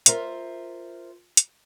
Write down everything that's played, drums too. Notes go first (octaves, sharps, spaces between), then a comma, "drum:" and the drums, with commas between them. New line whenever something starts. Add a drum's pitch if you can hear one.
F4 A#4 C5 E5, drum: hi-hat
drum: hi-hat